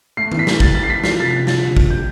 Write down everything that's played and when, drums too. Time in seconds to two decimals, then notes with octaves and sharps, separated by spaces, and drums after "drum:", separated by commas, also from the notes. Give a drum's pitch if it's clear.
0.17 A3 C7
0.32 E3, drum: tom D#3
0.39 B6
0.47 E3, drum: snare
0.60 G3 A6, drum: kick
0.75 E3 A6
0.83 C7
0.90 E3 B6
1.04 F3 C7, drum: snare
1.18 C3 A6
1.25 B6
1.34 C3
1.47 F3 A6, drum: snare
1.62 D3
1.77 D3, drum: kick
1.90 G3 G6